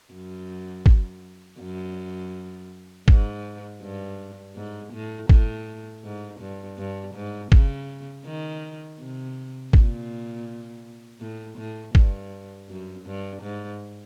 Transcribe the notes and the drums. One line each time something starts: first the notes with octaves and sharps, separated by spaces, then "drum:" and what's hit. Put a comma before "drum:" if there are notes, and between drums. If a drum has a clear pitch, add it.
F#2
drum: kick
F#2
G#2, drum: kick
G2
G#2
A2
A2, drum: kick
G#2
G2
G2
G#2
C#3, drum: kick
D#3
C3
A#2, drum: kick
A2
A2
G2, drum: kick
F#2
G2
G#2